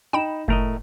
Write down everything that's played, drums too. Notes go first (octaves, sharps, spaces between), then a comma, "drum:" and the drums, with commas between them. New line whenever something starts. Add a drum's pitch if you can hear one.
D#4 G5 B5 E7
A2 A3 A#4 D#5, drum: kick F#1